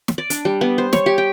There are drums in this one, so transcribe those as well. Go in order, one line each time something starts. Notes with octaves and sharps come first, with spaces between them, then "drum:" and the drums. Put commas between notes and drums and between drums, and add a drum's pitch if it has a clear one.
drum: snare
D5
D4, drum: hi-hat
G3
B3
C5
C#5, drum: snare
G4
G5